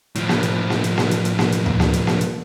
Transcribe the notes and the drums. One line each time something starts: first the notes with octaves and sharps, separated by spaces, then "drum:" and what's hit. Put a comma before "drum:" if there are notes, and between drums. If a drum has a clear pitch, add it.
A2 F3, drum: hi-hat
drum: snare A#3
drum: hi-hat
drum: snare A#3
drum: hi-hat
drum: snare A#3
drum: hi-hat
drum: hi-hat
drum: snare A#3
drum: hi-hat
drum: tom D2
drum: snare A#3
drum: hi-hat
drum: snare A#3
drum: hi-hat